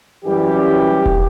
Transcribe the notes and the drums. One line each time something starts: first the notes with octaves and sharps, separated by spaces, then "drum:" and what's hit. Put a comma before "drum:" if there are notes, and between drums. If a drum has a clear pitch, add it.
F#2 E3 G3 G4
drum: kick E1